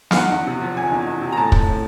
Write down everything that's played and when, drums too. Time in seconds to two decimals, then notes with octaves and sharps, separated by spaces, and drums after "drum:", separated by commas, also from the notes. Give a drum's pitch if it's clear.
0.11 F5, drum: snare
0.17 E2 F#5
0.32 E2
0.47 C3
0.61 F3
0.77 F3 G#5
0.92 E2
1.07 E2
1.21 C3
1.32 A#5
1.37 A2 A5
1.52 A2, drum: kick
1.67 A2